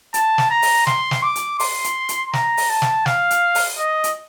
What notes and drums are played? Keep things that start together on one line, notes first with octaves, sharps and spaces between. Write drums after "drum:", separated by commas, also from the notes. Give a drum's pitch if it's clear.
A5, drum: hi-hat
drum: snare
A#5
drum: open hi-hat
C6, drum: snare
drum: snare
D6
drum: hi-hat
C6, drum: open hi-hat
drum: hi-hat
drum: hi-hat
A#5, drum: snare
drum: open hi-hat
A5
drum: snare
F5, drum: snare
drum: hi-hat
drum: open hi-hat
D#5
drum: hi-hat